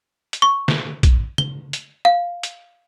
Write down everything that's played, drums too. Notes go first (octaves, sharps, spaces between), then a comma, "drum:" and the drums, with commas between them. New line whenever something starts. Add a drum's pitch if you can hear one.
drum: hi-hat
C#6
drum: snare
drum: kick, hi-hat
G7, drum: tom C#3
drum: hi-hat
F5
drum: hi-hat